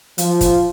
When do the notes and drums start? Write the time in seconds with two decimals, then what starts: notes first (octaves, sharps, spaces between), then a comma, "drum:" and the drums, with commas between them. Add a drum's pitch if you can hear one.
0.18 F3, drum: hi-hat
0.41 drum: kick, hi-hat